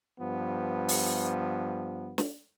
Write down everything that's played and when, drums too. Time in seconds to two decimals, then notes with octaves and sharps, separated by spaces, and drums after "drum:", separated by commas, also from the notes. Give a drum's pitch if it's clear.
0.20 G2 F3 B3
0.88 drum: open hi-hat
2.18 drum: snare